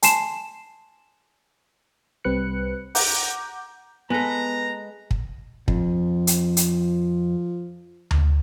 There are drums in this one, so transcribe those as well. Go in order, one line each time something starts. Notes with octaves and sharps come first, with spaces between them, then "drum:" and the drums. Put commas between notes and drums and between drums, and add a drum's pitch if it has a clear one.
G#5 A5 C6 C7 E7, drum: hi-hat
C2 G3 C4 B4 F#6 C#7
F#5 A#5 D6 G6, drum: open hi-hat
G#3 B3 A4 B4 A#5
drum: kick
F2 F3, drum: kick
drum: hi-hat
drum: hi-hat
drum: tom D2